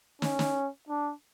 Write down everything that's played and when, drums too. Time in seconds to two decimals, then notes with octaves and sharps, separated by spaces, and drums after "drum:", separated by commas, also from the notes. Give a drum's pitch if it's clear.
0.22 C#4, drum: snare
0.39 drum: snare
0.89 D4